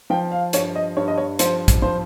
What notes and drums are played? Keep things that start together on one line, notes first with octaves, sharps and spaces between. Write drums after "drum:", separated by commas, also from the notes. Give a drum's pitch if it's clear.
F3 G5
F5
G2 C#5, drum: hi-hat
D#5
G2 C#5
D#5
C#5
F3 C5, drum: hi-hat
drum: kick, hi-hat
F3 C5